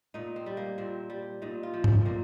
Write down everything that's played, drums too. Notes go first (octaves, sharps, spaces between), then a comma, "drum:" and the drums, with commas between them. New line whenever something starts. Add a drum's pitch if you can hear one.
A#2 D#4
C4
G3
A#3
A#2 C4
G3
A#2 D#4
F4
F3
C4, drum: tom G#2
A#2 A#3